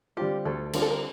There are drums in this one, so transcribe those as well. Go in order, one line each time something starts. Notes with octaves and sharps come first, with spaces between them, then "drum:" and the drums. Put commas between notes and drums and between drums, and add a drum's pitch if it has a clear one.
D3 G3 C4 F4 G4
D2 A4
D3 G3 C4 F4 A#4, drum: cymbal
A4
A#4